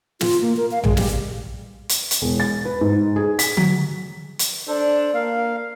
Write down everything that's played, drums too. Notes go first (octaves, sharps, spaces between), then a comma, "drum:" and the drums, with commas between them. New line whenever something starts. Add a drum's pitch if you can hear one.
F4, drum: snare
A#3
A#4
F5
G#3, drum: tom A#1
G3, drum: snare
drum: hi-hat
drum: hi-hat
E1
A6
B4
G#2
G#4
B6, drum: hi-hat
F#3, drum: tom D3
drum: hi-hat
D4 A4 C5
A#3 F5